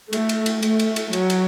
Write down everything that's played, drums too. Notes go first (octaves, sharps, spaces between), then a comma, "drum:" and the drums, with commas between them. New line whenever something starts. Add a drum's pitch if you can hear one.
A3, drum: cymbal
drum: cymbal
drum: cymbal
A3, drum: cymbal
drum: cymbal
drum: cymbal
F#3, drum: cymbal
drum: cymbal